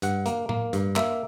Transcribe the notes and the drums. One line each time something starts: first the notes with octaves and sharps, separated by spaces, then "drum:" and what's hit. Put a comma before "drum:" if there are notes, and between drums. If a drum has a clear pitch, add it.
G2 F#5, drum: hi-hat
A#3, drum: hi-hat
A#3, drum: tom A2
G2, drum: hi-hat
A#3 E5, drum: clap